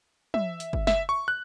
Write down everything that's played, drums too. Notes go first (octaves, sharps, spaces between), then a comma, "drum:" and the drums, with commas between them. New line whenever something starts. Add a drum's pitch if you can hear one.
E5, drum: tom
drum: hi-hat
drum: kick
E5, drum: snare
C#6
F#6